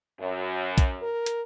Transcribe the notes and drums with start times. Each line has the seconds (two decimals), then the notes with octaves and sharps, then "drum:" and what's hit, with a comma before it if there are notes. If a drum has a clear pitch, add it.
0.20 F#2
0.78 drum: kick, hi-hat
1.02 A#4
1.26 drum: hi-hat